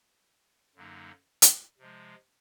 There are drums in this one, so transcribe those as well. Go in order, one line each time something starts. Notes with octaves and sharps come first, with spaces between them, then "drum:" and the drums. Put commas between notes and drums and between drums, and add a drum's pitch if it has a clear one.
F#2 D3 F#3 A#3 D#4
drum: hi-hat
C3 F3 G#3